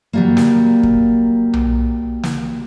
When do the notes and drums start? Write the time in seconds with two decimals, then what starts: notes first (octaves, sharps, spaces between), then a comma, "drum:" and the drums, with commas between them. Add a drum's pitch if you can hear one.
0.13 F#3 G3 A#3
0.37 drum: snare
0.83 drum: kick
1.53 drum: tom B1
2.23 drum: snare